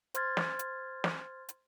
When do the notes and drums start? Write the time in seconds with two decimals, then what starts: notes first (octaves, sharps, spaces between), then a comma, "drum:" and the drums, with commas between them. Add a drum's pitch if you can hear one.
0.14 C5 C6 F6 G#6 A6, drum: hi-hat
0.37 drum: snare
0.59 drum: hi-hat
1.04 drum: snare
1.49 drum: hi-hat